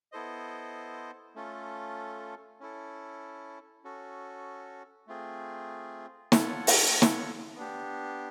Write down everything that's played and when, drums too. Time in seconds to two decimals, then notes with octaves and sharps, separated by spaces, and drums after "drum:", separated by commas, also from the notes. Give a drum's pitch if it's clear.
0.12 B3 E4 A4 C5 D#5
1.35 A3 C#4 F4 A4
2.60 C#4 E4 A4
3.84 C#4 F#4 A4
5.07 A3 C4 F4 G#4
6.32 F4 A4 C#5 F#5, drum: snare
6.67 drum: open hi-hat
7.02 drum: snare
7.56 B3 D4 G4